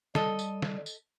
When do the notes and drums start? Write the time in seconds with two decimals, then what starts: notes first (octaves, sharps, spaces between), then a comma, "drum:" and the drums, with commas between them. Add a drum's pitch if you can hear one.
0.15 G3 A4 D#5, drum: snare
0.39 drum: tambourine
0.62 drum: snare
0.86 drum: tambourine